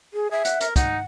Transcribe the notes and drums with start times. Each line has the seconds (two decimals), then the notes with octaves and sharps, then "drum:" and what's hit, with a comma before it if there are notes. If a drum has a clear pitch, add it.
0.14 G#4
0.31 G#4 E5
0.45 F#5, drum: hi-hat
0.61 A#4, drum: hi-hat
0.76 D#4 F#5, drum: kick, hi-hat